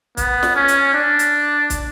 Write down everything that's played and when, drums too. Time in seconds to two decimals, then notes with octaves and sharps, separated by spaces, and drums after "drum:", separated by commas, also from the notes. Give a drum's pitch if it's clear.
0.17 B3, drum: kick, hi-hat
0.43 drum: snare
0.55 C#4
0.68 drum: hi-hat
0.94 D4
1.19 drum: hi-hat
1.70 drum: kick, hi-hat